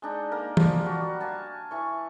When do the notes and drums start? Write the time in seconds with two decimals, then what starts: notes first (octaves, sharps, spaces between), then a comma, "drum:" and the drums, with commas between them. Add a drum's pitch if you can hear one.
0.02 G#3 D4 D#4
0.32 A#3 A#4
0.57 F3 D5, drum: tom
0.85 G3 F#4
1.21 F5 G#5 A5
1.71 E3 C#6